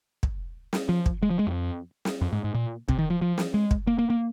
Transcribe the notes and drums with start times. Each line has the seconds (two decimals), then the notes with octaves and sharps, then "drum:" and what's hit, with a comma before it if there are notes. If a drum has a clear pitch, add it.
0.23 drum: kick
0.73 drum: snare
0.89 F3
1.06 drum: kick
1.23 G#3
1.30 F3
1.39 G#3
1.47 F2
2.05 drum: snare
2.22 F2
2.33 G#2
2.44 G#2
2.55 A#2
2.89 C3, drum: kick
2.99 D#3
3.10 F3
3.22 F3
3.38 drum: snare
3.54 G#3
3.71 drum: kick
3.87 A#3
3.99 A#3
4.10 A#3